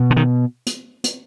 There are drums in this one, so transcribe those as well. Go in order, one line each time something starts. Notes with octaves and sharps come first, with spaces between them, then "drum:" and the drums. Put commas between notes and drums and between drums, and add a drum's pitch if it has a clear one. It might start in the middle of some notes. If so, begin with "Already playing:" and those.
Already playing: B2
D3
D#3
drum: hi-hat
drum: hi-hat